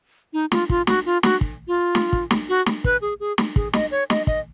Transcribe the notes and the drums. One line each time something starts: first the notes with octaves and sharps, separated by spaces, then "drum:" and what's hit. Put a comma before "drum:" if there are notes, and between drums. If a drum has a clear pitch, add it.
D#4
F4, drum: snare
F4, drum: kick
F#4, drum: snare
F4
F#4, drum: snare
drum: kick
F4
drum: snare
drum: kick
drum: snare
F#4
drum: snare
B4, drum: kick
G#4
G#4
drum: snare
G#4, drum: kick
D#5, drum: snare
C#5
D#5, drum: snare
D#5, drum: kick